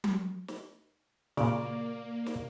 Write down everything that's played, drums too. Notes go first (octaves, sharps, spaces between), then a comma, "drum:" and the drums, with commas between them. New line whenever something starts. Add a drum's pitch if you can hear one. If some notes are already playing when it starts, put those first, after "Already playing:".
drum: tom F#3
drum: snare
A#2 C#3 A#3 D5, drum: snare
drum: snare